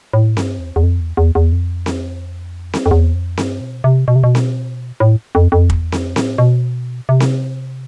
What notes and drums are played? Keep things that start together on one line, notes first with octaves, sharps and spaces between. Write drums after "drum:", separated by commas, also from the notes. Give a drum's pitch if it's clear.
A2
G2, drum: snare C4
E2
E2
F2
E2
E2
E2
F2
drum: snare C4
drum: snare C4
F2
E2
F2
G2, drum: snare C4
B2
C3
B2
C3
B2
drum: snare C4
A2
F2
F2
E2, drum: kick
F2, drum: snare C4
A2, drum: snare C4
B2
C3
drum: snare C4